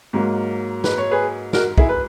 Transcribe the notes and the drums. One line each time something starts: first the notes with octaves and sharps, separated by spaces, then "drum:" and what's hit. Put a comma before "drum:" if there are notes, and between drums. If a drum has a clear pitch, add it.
G#2 F#3 A#3
B4, drum: snare
C#5
G#4 B4
F#4 A#4, drum: snare
E4 G#4, drum: kick
B4